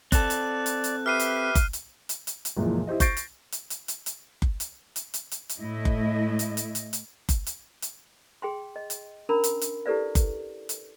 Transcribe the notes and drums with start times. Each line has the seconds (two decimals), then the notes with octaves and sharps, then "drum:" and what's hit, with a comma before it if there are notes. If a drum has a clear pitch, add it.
0.12 C4 A4 D5 F#6, drum: kick F#1, hi-hat
0.30 drum: hi-hat
0.66 drum: hi-hat
0.84 drum: hi-hat
1.06 G4 B4 E5 F6 C7 D#7
1.20 drum: hi-hat
1.55 drum: kick F#1, hi-hat
1.73 drum: hi-hat
2.09 drum: hi-hat
2.27 drum: hi-hat
2.45 drum: hi-hat
2.57 F#1 C#2 A#2 E3 F3 G#3
2.87 E4 G4 C5 D#5
3.00 C#6 G6 A6 A#6 C7 D7, drum: kick F#1, hi-hat
3.17 drum: hi-hat
3.52 drum: hi-hat
3.70 drum: hi-hat
3.88 drum: hi-hat
4.06 drum: hi-hat
4.42 drum: kick F#1
4.60 drum: hi-hat
4.96 drum: hi-hat
5.14 drum: hi-hat
5.32 drum: hi-hat
5.49 drum: hi-hat
5.59 A2 A3 E4 D#5
5.85 drum: kick F#1
6.39 drum: hi-hat
6.57 drum: hi-hat
6.75 drum: hi-hat
6.93 drum: hi-hat
7.29 drum: kick F#1, hi-hat
7.47 drum: hi-hat
7.82 drum: hi-hat
8.42 G#4 G5 C6
8.76 D#5
8.90 drum: hi-hat
9.29 C#4 D4 A#4 A#5 B5
9.44 drum: hi-hat
9.61 drum: hi-hat
9.86 E4 G4 A4 B4 D5 F5
10.15 drum: kick F#1, hi-hat
10.69 drum: hi-hat